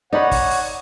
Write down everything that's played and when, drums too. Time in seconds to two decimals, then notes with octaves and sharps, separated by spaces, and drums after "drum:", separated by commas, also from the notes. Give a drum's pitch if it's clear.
0.13 D#4 C#5 D5 F#5 B5
0.31 drum: kick, open hi-hat
0.50 drum: open hi-hat